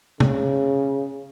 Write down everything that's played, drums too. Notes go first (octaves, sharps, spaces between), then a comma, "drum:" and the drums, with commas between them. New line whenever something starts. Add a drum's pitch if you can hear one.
C#3, drum: tom